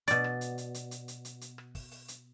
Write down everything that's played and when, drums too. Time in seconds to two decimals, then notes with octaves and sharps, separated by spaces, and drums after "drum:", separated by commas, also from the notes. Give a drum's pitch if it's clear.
0.08 B2 D5, drum: hi-hat
0.24 drum: rim click
0.41 drum: hi-hat
0.58 drum: hi-hat
0.74 drum: hi-hat
0.91 drum: hi-hat
1.08 drum: hi-hat
1.25 drum: hi-hat
1.41 drum: hi-hat
1.58 drum: rim click
1.75 drum: kick, open hi-hat
1.92 drum: open hi-hat
2.08 drum: hi-hat